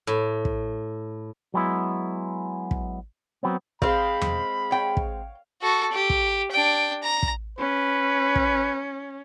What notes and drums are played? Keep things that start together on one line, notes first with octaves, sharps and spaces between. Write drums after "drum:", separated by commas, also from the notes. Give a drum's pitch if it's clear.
A2
drum: kick
F#3 G#3 B3 E4
drum: kick
F#3 B3 C4
G#3 C4 F5 B5, drum: kick
drum: tom E2
C#5 G5
drum: kick
F#4 A4
G4
drum: kick
D4 G5
A#5
drum: kick
C#4 B4
drum: kick